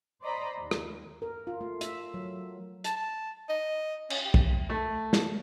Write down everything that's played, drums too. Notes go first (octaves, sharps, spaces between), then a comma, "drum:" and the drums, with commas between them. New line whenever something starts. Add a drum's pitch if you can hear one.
C5 D5 D#5 A#5 B5
D#2
drum: rim click
A#4
F4
A3
E5, drum: hi-hat
F#3
A5, drum: hi-hat
A5
D#5
C#4, drum: cymbal
G4
drum: kick
A3
drum: snare